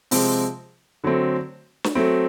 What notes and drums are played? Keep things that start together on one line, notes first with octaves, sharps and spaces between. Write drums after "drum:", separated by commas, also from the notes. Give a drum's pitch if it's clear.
C3 F3 G#3 C4, drum: open hi-hat
D3 F#3 A3 C4
drum: snare
F#3 A3 C4